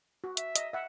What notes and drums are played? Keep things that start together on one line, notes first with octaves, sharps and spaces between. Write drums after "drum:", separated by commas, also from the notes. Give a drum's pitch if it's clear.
F#4
E5, drum: hi-hat
D#5, drum: hi-hat
E5 F#5